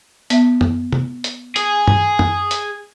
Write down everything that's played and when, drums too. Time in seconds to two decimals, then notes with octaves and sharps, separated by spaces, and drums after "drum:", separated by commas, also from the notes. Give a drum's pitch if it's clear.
0.30 B3 E5, drum: hi-hat
0.61 drum: tom
0.93 drum: tom
1.24 drum: hi-hat
1.56 G#4, drum: hi-hat
1.88 drum: tom G2
2.19 drum: tom
2.51 drum: hi-hat